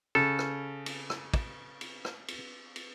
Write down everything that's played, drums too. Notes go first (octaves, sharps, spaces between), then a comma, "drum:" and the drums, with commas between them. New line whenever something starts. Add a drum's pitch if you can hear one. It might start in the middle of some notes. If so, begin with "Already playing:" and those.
C#3 A4
drum: rim click
drum: cymbal
drum: rim click
drum: kick, cymbal
drum: cymbal
drum: rim click
drum: cymbal
drum: cymbal